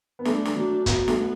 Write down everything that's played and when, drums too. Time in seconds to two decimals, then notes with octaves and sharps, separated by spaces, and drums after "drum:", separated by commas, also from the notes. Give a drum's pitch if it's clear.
0.19 B3
0.25 A3 D4, drum: snare
0.45 drum: snare
0.56 F#3
0.86 F#3 B3, drum: kick, hi-hat
1.08 A3, drum: snare